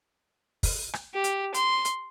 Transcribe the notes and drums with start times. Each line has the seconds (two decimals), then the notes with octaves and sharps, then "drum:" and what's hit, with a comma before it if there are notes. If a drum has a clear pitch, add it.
0.63 drum: kick, open hi-hat
0.93 drum: rim click
1.14 G4
1.24 drum: hi-hat
1.54 C6, drum: hi-hat
1.85 drum: hi-hat